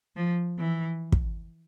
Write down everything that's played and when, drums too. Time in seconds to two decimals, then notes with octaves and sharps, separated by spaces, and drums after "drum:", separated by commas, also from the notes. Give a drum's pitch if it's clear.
0.16 F3
0.58 E3
1.12 drum: kick